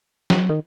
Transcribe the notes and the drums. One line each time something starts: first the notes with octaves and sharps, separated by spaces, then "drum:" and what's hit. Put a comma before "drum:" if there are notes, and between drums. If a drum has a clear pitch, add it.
F#3, drum: snare
D#3